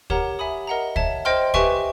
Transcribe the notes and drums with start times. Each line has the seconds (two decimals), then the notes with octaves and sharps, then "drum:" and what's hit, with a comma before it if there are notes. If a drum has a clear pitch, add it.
0.10 G4 A#4 C#5 F#5 A#5, drum: kick
0.39 E5 G#5 B5 D#6
0.67 A#4 D#5 F#5 A#5
0.96 C#5 E5 A5, drum: kick
1.25 C5 D#5 G5 C6 F6
1.54 G4 B4 E5 G#5 C#6, drum: kick